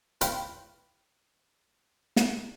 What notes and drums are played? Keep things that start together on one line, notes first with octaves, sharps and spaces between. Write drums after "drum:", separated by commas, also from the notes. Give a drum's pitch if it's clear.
B4 C5 F5 G5, drum: hi-hat
drum: snare